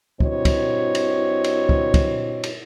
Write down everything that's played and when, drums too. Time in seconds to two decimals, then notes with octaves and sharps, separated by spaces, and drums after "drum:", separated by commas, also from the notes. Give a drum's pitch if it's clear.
0.20 G2 C4 E4 F#4 C#5 D#5, drum: kick
0.45 drum: kick, cymbal
0.95 drum: cymbal
1.44 drum: cymbal
1.69 drum: kick
1.94 drum: kick, cymbal
2.44 drum: cymbal